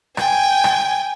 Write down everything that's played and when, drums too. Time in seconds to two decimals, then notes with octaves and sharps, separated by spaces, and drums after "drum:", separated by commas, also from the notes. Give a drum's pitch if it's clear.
0.17 G5 G#5, drum: rim click
0.64 drum: rim click